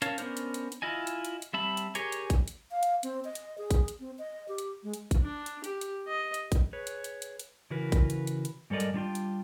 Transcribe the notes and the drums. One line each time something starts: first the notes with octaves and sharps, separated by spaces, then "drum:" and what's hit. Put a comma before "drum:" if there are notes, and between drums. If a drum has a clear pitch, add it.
C#4 A#4 C#5 F5 A5, drum: hi-hat
B3 C#4 D4 A#4 C5, drum: hi-hat
drum: hi-hat
drum: hi-hat
drum: hi-hat
E4 F4 D#5 G#5
drum: hi-hat
drum: hi-hat
drum: hi-hat
G3 C4 E5 A5 B5
drum: hi-hat
G4 G#4 A#4 C#5 G#5, drum: hi-hat
drum: hi-hat
drum: kick A1, hi-hat
drum: hi-hat
F5
drum: hi-hat
C4, drum: hi-hat
D#5
drum: hi-hat
G#4
drum: kick A1, hi-hat
drum: hi-hat
C4
D#5
G4
drum: hi-hat
G#3
drum: hi-hat
drum: kick A1, hi-hat
D4
drum: hi-hat
G4, drum: hi-hat
drum: hi-hat
D#5
drum: hi-hat
drum: kick A1, hi-hat
G#4 B4 C#5
drum: hi-hat
drum: hi-hat
drum: hi-hat
drum: hi-hat
C#3 E3 E4 F#4 A#4 B4
drum: kick A1, hi-hat
drum: hi-hat
drum: hi-hat
drum: hi-hat
G#2 G3 A4 A#4 D5 D#5
drum: hi-hat
G3 D4 F4 G5
drum: hi-hat